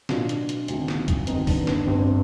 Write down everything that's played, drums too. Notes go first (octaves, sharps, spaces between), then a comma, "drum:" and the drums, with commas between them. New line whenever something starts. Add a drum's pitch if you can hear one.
B1 B2 D4 F4, drum: snare
drum: hi-hat
drum: hi-hat
D2 C3 D#3, drum: hi-hat
drum: snare
drum: kick, hi-hat
G1 G2 D#3 C4 D#4, drum: hi-hat
B3 D4, drum: kick, open hi-hat
B3 D4, drum: snare
G1 G2 D3 C4
C4